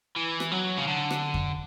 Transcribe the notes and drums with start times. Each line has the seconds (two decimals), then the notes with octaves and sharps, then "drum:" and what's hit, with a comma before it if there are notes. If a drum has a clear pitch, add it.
0.16 E3
0.40 drum: rim click
0.51 F#3
0.77 C#3
0.87 D3
1.11 drum: rim click
1.34 drum: kick F2